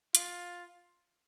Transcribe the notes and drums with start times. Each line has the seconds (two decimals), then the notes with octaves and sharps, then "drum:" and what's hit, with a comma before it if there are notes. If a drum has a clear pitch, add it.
0.15 F4, drum: hi-hat